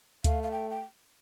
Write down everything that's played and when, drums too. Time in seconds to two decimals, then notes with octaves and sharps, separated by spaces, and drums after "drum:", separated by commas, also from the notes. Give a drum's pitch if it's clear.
0.24 A3 F5, drum: kick D2, hi-hat
0.43 F5
0.52 G5
0.71 G5